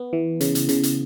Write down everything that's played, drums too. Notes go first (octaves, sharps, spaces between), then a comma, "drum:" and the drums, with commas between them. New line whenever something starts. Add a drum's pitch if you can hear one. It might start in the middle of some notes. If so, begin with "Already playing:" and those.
Already playing: B3
E3
C#3, drum: hi-hat
drum: hi-hat
C#3, drum: hi-hat
drum: hi-hat